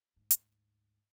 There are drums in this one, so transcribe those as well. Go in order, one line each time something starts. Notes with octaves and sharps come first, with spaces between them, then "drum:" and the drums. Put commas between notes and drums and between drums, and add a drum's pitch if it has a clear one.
D2 G#2
drum: hi-hat